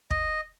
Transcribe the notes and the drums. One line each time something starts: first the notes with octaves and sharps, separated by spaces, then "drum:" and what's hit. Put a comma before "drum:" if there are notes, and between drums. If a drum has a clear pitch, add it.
D#5, drum: kick